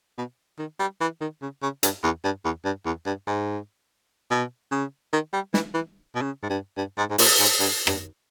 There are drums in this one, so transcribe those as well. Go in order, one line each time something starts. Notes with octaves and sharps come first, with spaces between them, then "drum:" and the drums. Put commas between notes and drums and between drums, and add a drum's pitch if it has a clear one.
B2
D#3
G3
E3
D#3
C#3
C#3
G2, drum: hi-hat
E2
G2
E2
G2
E2
G2
G#2
B2
C#3
D#3
G3
E3, drum: snare
E3
B2
C#3
G#2
G2
G2
G#2
G#2
A#2, drum: open hi-hat
G#2
G2
G2, drum: rim click